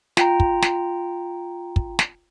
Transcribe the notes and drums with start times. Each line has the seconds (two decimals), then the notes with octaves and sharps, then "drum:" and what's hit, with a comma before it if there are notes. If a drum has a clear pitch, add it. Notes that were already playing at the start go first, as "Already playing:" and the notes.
0.17 F4 G5 A#5, drum: snare
0.40 drum: kick
0.62 drum: snare
1.76 drum: kick
1.99 drum: snare